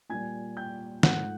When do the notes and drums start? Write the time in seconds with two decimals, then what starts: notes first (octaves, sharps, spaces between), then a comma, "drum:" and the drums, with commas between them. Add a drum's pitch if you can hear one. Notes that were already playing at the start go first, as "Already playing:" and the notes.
0.09 A#2 G3 G#5 G#6
0.57 G5 G6
1.03 G#2 F3 A3 F#5 F#6, drum: snare